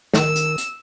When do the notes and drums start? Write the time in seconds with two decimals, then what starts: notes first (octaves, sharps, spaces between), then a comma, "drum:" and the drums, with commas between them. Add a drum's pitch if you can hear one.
0.14 D#3 E6, drum: snare
0.36 drum: hi-hat
0.58 drum: hi-hat